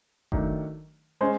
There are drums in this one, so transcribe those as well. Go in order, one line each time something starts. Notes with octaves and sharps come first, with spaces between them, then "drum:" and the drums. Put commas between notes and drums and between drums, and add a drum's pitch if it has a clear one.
D#3 F#3 A3 D4, drum: kick F#1
G#3 C#4 C5